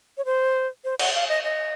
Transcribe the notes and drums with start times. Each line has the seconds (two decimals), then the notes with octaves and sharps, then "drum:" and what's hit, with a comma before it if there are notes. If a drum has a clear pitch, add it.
0.18 C#5
0.25 C5
0.84 C5
0.99 F#5, drum: cymbal
1.14 F5
1.29 D#5
1.44 D#5